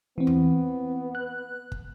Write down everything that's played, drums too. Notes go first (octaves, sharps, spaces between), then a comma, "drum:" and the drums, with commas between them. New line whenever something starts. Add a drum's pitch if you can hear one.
E3 B3 C4
drum: tom E2
F#6
drum: kick